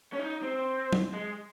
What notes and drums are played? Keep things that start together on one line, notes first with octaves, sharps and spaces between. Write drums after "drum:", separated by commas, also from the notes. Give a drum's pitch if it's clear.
C#4
D#4
C4
drum: tom
G#3